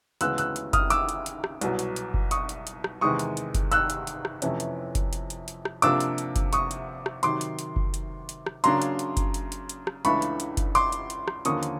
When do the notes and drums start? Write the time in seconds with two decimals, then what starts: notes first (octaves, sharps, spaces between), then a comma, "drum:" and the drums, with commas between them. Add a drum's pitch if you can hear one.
0.21 D2 C#3 E3 G#3 B3 E6 F#6, drum: hi-hat
0.38 E6 F#6, drum: hi-hat
0.56 drum: hi-hat
0.73 D#6 F6, drum: kick F#1, hi-hat
0.90 D6 E6, drum: hi-hat
1.09 drum: hi-hat
1.26 drum: hi-hat
1.44 drum: rim click
1.61 C2 B2 F#3, drum: hi-hat
1.79 drum: hi-hat
1.96 drum: hi-hat
2.14 drum: kick F#1
2.31 C#6 D#6, drum: hi-hat
2.49 drum: hi-hat
2.67 drum: hi-hat
2.84 drum: rim click
3.01 E2 C3 D#3 G#3 C#6 D#6
3.19 drum: hi-hat
3.37 drum: hi-hat
3.55 drum: kick F#1, hi-hat
3.72 E6 F#6, drum: hi-hat
3.90 drum: hi-hat
4.07 drum: hi-hat
4.25 drum: rim click
4.42 F2 C3 E3 A3 C#4, drum: hi-hat
4.60 drum: hi-hat
4.95 drum: kick F#1, hi-hat
5.13 drum: hi-hat
5.30 drum: hi-hat
5.48 drum: hi-hat
5.65 drum: rim click
5.82 C3 F3 A#3 D4 D6 E6, drum: hi-hat
6.00 drum: hi-hat
6.18 drum: hi-hat
6.36 drum: kick F#1, hi-hat
6.53 C#6 D#6, drum: hi-hat
6.71 drum: hi-hat
7.06 drum: rim click
7.23 C3 D#3 F#3 C6 D6, drum: hi-hat
7.41 drum: hi-hat
7.59 drum: hi-hat
7.76 drum: kick F#1
7.94 drum: hi-hat
8.29 drum: hi-hat
8.46 drum: rim click
8.64 C#3 F#3 A#3 D4 A#5 C6, drum: hi-hat
8.82 drum: hi-hat
8.99 drum: hi-hat
9.17 drum: kick F#1, hi-hat
9.34 drum: hi-hat
9.52 drum: hi-hat
9.69 drum: hi-hat
9.87 drum: rim click
10.05 C#2 C#3 E3 A3 D4 B5 C#6, drum: hi-hat
10.22 drum: hi-hat
10.40 drum: hi-hat
10.57 drum: kick F#1, hi-hat
10.75 C6 D6, drum: hi-hat
10.92 drum: hi-hat
11.10 drum: hi-hat
11.28 drum: rim click
11.45 D#2 D3 F3 A#3 C#4 C#6 D#6, drum: hi-hat
11.63 drum: hi-hat